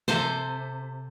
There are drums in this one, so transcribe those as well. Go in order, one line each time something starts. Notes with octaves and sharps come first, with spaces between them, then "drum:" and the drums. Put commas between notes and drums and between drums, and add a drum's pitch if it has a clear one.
C3 A4 C5, drum: snare